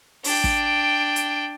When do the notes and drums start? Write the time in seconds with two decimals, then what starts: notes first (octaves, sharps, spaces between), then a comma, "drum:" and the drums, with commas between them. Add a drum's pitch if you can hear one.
0.24 D4 G5, drum: open hi-hat
0.44 drum: kick
1.16 drum: hi-hat